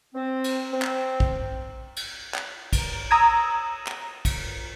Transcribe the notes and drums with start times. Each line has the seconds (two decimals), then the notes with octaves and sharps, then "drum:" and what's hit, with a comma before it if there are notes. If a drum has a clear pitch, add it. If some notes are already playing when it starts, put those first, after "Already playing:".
0.15 C4
0.44 drum: cymbal
0.73 C4
0.82 drum: clap
1.20 drum: kick
1.96 drum: cymbal
2.35 drum: clap
2.73 drum: kick, cymbal
3.11 A#5 D#6 E6 G#6
3.87 drum: clap
4.25 drum: kick, cymbal